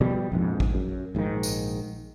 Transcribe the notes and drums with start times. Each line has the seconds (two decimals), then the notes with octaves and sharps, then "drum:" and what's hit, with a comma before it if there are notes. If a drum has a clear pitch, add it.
0.01 B2 F3 G3
0.32 A#1 F2 G#2
0.60 drum: kick A1
0.74 F#2
1.15 A#1 G#2 B2 D#3
1.43 drum: tambourine